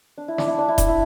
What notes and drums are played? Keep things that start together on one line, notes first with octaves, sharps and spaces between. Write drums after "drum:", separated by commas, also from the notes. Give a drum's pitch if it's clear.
D4
E4
D4, drum: snare
E4
D4
E4
D4, drum: kick D#1, hi-hat
E4